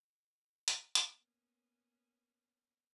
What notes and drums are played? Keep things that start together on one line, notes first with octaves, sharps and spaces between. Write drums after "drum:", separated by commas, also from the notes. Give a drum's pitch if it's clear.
drum: hi-hat
A#3 B3 C#4, drum: hi-hat